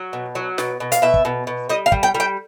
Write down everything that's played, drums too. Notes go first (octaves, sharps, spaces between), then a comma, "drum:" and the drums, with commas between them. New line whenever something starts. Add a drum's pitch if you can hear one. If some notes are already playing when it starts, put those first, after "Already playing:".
Already playing: F#3
B2
F#3
B2, drum: snare
B2
F5, drum: hi-hat
B2 E5
drum: kick
B2
B2
G3 D#5
F5
G3, drum: kick
G5
G3
G5